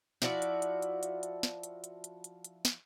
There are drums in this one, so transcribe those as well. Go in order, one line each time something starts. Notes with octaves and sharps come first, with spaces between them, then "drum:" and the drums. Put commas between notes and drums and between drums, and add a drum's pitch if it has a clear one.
F3 E4 F#4 D5, drum: snare
drum: hi-hat
drum: hi-hat
drum: hi-hat
drum: hi-hat
drum: hi-hat
drum: snare
drum: hi-hat
drum: hi-hat
drum: hi-hat
drum: hi-hat
drum: hi-hat
drum: snare